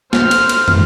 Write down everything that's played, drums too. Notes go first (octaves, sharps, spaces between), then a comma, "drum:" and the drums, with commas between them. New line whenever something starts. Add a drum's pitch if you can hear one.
C5 F6, drum: snare
drum: cymbal
drum: cymbal
drum: tom